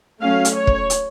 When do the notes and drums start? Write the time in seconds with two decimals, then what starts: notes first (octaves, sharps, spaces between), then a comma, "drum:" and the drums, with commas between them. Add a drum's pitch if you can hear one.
0.22 F#3 A3 C#4 F5
0.45 drum: hi-hat
0.56 C#5
0.67 drum: kick
0.90 drum: hi-hat